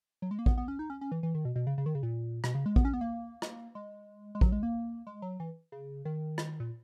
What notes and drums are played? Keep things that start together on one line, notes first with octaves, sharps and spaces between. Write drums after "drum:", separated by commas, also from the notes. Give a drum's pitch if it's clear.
F#3
G#3
A#3
B3, drum: kick A1
B3
C#4
D#4
C#4
C#4
E3
E3
D#3
B2
B2
C#3
C#3
D#3
C#3
A#2
B2, drum: rim click
C#3
G#3
B3, drum: kick A1
C#4
B3
A#3
drum: rim click
G#3
G#3
F#3, drum: kick A1
G#3
A#3
G#3
F#3
E3
C#3
D#3
drum: rim click
A#2